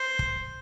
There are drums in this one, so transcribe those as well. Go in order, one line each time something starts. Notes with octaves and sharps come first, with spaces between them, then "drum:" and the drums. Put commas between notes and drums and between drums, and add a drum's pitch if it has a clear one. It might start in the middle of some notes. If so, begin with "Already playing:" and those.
Already playing: C5
drum: kick